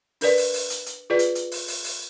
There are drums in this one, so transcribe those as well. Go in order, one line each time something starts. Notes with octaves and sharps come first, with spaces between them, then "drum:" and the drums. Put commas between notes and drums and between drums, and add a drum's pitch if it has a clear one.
D4 A#4 B4 D5, drum: open hi-hat
drum: open hi-hat
drum: open hi-hat
drum: hi-hat
drum: hi-hat
F4 G#4 B4 D5
drum: hi-hat
drum: hi-hat
drum: open hi-hat
drum: open hi-hat
drum: open hi-hat